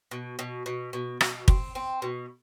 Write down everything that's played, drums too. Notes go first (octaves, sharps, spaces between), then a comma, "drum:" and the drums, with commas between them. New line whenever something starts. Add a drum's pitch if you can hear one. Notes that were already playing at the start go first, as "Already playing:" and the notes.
B2
B2
B2
B2
B2, drum: rim click
C4, drum: kick
C4
B2